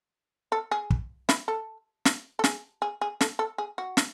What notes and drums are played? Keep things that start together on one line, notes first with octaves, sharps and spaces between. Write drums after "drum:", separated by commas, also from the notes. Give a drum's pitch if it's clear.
A4
G#4
drum: kick
E4, drum: snare
A4
drum: snare
A4
G#4, drum: snare
G#4
G#4
A4, drum: snare
A4
G#4
F#4
drum: snare